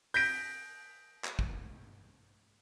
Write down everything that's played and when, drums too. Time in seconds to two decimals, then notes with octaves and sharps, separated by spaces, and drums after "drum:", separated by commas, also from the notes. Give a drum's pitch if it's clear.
0.14 G6 A#6 B6 D7, drum: open hi-hat
1.24 drum: clap
1.39 drum: kick